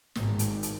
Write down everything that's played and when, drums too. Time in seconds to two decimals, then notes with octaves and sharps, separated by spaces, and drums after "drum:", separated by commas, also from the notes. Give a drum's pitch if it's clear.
0.15 G#1, drum: snare
0.39 drum: hi-hat
0.63 drum: hi-hat